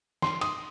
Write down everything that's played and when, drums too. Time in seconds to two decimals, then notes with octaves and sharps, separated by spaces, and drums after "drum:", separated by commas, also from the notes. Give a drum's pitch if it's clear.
0.22 C6, drum: snare
0.41 D#6, drum: cymbal